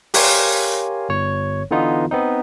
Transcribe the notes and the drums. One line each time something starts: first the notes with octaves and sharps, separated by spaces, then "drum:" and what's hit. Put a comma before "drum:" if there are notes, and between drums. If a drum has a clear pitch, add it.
G4 A#4 C#5 F5 G#5 C6, drum: open hi-hat
G1 C#5
D3 E3 B3 D#4 F4
B3 C4 D#4